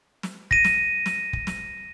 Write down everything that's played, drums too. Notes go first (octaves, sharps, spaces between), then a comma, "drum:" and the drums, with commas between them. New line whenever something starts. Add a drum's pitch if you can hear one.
drum: snare
A#6 D#7, drum: kick
drum: snare
drum: snare
drum: kick
drum: snare